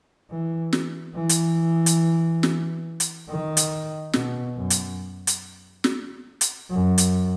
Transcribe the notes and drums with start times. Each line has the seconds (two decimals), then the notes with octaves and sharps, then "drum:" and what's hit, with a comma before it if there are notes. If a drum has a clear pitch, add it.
0.30 E3
0.73 drum: snare
1.15 E3
1.29 drum: hi-hat
1.86 drum: hi-hat
2.43 drum: snare
3.00 drum: hi-hat
3.29 D#3
3.57 drum: hi-hat
4.13 B2, drum: snare
4.56 F#2
4.70 drum: hi-hat
5.27 drum: hi-hat
5.84 drum: snare
6.41 drum: hi-hat
6.70 F#2
6.98 drum: hi-hat